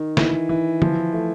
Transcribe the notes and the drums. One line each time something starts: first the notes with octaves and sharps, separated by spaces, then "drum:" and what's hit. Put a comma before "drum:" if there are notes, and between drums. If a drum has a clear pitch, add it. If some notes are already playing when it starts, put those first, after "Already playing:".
Already playing: D#3
E3, drum: snare
E3
F3, drum: tom D3
A3